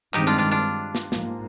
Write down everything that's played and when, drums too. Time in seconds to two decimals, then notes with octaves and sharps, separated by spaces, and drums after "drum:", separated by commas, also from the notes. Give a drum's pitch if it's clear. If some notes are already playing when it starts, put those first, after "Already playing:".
0.14 G2 D#3 G#3 C4 D#4 G4, drum: clap
0.27 D4 F4
0.38 D4 F4
0.51 D4 F4
0.95 drum: snare
1.12 G#2 F3 A#3, drum: snare